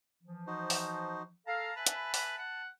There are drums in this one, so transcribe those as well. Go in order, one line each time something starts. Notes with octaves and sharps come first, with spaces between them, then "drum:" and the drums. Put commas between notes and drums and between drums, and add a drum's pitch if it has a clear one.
E3 F3
D#4 F#4 C5
drum: open hi-hat
A4 F5 A5 A#5
B4 E5 G#5 B5
drum: hi-hat
B4, drum: open hi-hat
F#5